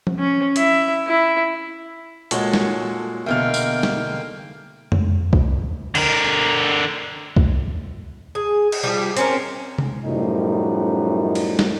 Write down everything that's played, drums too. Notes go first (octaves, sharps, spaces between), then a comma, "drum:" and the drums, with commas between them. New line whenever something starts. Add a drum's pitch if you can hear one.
drum: tom F3
C#4
E4 E5, drum: hi-hat
E4
A#2 G#3 F#4 A4 C#5, drum: hi-hat
drum: snare
E2 B2 D3 A#3 E5 F5 G5 F6
drum: tambourine
drum: snare
drum: tom F2
drum: kick C2
D3 A#4, drum: cymbal
drum: kick C2
G#4
drum: cymbal
F3 G3
C4 C#4 A#4, drum: hi-hat
drum: tom C3
F#2 A2 F3 G3 D#4
drum: cymbal
drum: snare